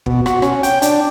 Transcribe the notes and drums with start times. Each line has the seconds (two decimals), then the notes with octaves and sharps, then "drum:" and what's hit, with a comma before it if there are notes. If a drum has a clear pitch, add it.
0.06 B2, drum: kick
0.26 F#4, drum: rim click
0.42 C#4, drum: rim click
0.63 G5, drum: hi-hat
0.82 D4, drum: hi-hat